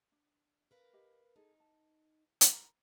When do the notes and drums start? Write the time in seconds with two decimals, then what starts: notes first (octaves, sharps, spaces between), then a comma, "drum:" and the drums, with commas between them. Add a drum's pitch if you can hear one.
0.12 D4
0.71 A#4 B4 F5
0.93 G4 D#5
1.36 D#4 G#4 A4
1.60 A5
2.41 drum: hi-hat
2.51 A#4 A#5 B5